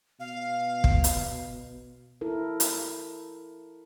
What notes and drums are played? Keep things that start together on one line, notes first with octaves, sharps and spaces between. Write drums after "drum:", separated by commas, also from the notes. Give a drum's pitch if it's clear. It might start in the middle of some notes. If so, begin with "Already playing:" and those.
B2 F5
drum: kick
drum: hi-hat
E4 A4 A#4
drum: hi-hat